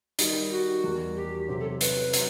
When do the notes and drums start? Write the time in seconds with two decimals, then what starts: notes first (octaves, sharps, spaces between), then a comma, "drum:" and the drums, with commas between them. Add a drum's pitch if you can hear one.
0.19 D#3 G3 D#4, drum: hi-hat
0.51 F#4
0.84 E2 D#3 G3
1.16 G4
1.48 C3 F#3 C4 G4
1.59 A4
1.81 B4, drum: hi-hat
2.13 F#3 C4, drum: hi-hat